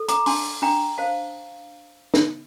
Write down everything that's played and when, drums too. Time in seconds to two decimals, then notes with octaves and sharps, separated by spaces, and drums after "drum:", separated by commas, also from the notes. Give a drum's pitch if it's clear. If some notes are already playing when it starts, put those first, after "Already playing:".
Already playing: A4
0.08 A#5 D6, drum: hi-hat
0.26 D4 A5 C6, drum: open hi-hat
0.62 D4 G5 A#5
0.98 C5 F5 A5
2.14 drum: snare